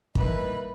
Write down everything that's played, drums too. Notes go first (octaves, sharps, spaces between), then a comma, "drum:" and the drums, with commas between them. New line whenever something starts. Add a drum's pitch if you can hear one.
E3 G3 A#3 D#4 B4, drum: kick